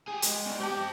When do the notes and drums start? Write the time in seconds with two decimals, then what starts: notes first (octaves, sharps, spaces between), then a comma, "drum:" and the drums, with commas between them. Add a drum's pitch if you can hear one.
0.08 G4 G#4
0.22 G#3, drum: hi-hat
0.46 B2 G3
0.60 C4 G4 A5